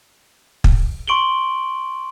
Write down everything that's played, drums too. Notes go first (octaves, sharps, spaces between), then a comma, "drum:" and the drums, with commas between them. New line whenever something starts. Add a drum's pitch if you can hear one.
drum: kick
C6 C#6 D7 F#7 G7